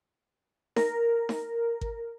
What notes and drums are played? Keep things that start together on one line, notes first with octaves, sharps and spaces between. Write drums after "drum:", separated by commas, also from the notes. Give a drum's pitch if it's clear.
A#4, drum: snare D#4
drum: snare D#4
drum: kick G#1